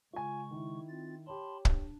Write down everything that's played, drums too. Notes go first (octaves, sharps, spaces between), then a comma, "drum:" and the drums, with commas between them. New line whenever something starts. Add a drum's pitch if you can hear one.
C#3 G#3 F4 G#5 C#6
D#3 E4
C4 F4 A6
G4 C#5 A5 B5 C6
D4, drum: kick